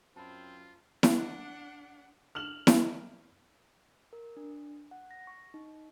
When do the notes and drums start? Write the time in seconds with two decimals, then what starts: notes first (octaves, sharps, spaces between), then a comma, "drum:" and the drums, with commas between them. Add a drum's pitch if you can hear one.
0.16 F#2 C4 F4 A5 B5
1.03 D4 F#5, drum: snare E4
2.35 F6 E7 F#7
2.67 drum: snare E4
4.13 A#4
4.37 D4
4.91 F#5
5.11 A#6
5.27 C#6
5.54 D#4